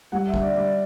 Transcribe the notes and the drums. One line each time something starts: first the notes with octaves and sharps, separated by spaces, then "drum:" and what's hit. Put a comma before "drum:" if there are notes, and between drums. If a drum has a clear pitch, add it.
G3 F#5
E5
D3, drum: kick B1
D5
G3 D5